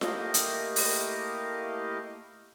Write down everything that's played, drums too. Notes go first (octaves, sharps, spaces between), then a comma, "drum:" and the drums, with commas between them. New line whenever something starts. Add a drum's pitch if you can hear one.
A3 A#3 E4 G4 D#5 F5, drum: snare F4
drum: hi-hat
drum: open hi-hat